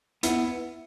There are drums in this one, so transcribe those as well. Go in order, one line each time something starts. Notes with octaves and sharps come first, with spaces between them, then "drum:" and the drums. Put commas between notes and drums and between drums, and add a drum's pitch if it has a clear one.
B3 E4, drum: hi-hat